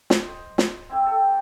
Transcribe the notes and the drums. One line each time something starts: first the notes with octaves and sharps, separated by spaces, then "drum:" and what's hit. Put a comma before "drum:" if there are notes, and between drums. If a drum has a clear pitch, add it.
drum: snare
C5 D#5
drum: snare
C4 E4 G4
A4 G5